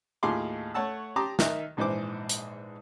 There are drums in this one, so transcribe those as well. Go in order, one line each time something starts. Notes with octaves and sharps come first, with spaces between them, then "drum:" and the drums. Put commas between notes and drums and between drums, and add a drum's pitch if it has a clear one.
D#2 A2 F4 G#4 C6 D6
A3 C#5 F#5 A5 E6
G4 A5 A#5 C6 D6 D#6
D#3 D#4 E5 F6 F#6, drum: snare
A#1 G#2 E3 C5 D6
drum: hi-hat